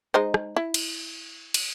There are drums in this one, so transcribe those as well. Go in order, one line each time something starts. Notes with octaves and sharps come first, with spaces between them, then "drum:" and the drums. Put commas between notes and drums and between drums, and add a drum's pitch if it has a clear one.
G#3 D#4 C5
drum: rim click
E4
drum: cymbal
drum: cymbal